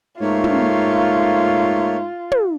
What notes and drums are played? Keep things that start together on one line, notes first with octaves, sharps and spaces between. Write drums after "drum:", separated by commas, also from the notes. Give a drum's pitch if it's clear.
G#2 A3 A#3 F4 C#5
drum: tom
drum: tom